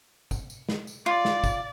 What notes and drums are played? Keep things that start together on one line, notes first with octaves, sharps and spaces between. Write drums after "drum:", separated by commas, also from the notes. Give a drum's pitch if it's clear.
drum: kick, tambourine
drum: tambourine
drum: snare
drum: tambourine
F4 D5
drum: snare
drum: kick, tambourine